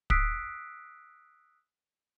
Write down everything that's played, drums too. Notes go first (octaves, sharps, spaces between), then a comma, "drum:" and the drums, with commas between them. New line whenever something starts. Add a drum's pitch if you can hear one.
D#6 E6 F#6 B6 C7 D7, drum: kick